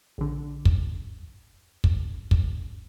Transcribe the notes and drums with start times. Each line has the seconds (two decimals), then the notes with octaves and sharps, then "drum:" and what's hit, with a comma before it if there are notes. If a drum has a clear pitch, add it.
0.18 A#1 D3
0.65 drum: kick
1.84 drum: kick
2.31 drum: kick